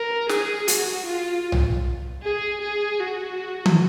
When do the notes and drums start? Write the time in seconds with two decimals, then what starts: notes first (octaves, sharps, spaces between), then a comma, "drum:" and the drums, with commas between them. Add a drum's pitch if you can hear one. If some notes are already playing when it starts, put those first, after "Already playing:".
Already playing: A#4
0.29 G#4, drum: snare
0.68 F#4, drum: hi-hat
1.06 F4
1.52 drum: tom B1
2.22 G#4
2.61 G#4
3.00 F#4
3.66 drum: tom D#3